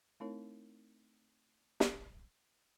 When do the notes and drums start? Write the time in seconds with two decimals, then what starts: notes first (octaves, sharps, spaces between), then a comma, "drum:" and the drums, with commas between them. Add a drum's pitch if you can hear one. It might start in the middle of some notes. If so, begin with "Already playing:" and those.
0.20 A3 C4 D#4 E4 A#4 C#5
1.80 drum: snare